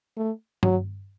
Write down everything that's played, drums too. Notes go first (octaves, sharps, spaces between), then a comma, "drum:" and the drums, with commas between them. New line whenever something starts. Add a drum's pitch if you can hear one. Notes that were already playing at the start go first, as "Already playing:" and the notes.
A3
F#3, drum: tom G2